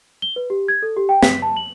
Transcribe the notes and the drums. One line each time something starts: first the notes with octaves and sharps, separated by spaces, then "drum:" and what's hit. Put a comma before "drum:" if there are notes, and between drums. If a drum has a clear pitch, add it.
G7
B4
G4
G#6
A4
G4
G5
B6, drum: snare
A5
F#7